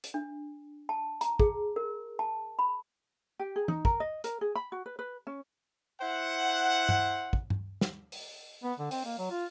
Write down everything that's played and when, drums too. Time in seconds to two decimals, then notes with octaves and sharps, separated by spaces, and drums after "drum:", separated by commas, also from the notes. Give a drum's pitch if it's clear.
0.04 drum: hi-hat
0.14 D4
0.89 A5
1.21 A#5, drum: hi-hat
1.39 G#4, drum: kick
1.76 A#4
2.19 A5
2.59 B5
3.39 G4
3.56 G#4
3.68 D#4, drum: tom
3.85 A#4, drum: kick
4.00 D#5
4.24 A#4, drum: hi-hat
4.41 G#4
4.55 B5
4.72 F#4
4.86 B4
4.99 B4
5.27 C#4
6.01 E4 C5 F#5
6.89 drum: tom G2
7.33 drum: kick
7.50 drum: tom G2
7.81 drum: snare
8.12 drum: open hi-hat
8.63 B3
8.79 D3
8.91 C4, drum: open hi-hat
9.05 A#3
9.18 F#3
9.31 F4